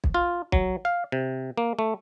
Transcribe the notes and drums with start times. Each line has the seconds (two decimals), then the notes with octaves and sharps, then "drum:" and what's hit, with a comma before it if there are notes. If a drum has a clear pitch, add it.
0.04 drum: kick B1
0.14 F4
0.52 F#3, drum: kick B1
0.85 F5
1.12 C3
1.58 A#3
1.79 A3